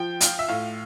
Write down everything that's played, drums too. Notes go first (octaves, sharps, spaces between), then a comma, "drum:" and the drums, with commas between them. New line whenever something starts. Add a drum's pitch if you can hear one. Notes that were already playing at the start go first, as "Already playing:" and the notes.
Already playing: F3 G5
F4, drum: hi-hat
E5
A2 F5